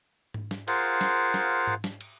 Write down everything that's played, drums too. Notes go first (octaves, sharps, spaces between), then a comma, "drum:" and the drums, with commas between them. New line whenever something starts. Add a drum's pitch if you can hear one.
drum: tom G#2
drum: snare
F4 G#4 A#4 C5 F5 F#5, drum: cymbal
drum: snare
drum: snare
drum: tom G#2
drum: snare
drum: cymbal